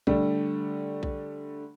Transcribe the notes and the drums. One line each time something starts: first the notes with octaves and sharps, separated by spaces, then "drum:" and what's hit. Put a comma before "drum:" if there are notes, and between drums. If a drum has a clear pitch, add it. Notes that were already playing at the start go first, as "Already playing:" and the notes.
D3 G3 A3, drum: kick B1
drum: kick B1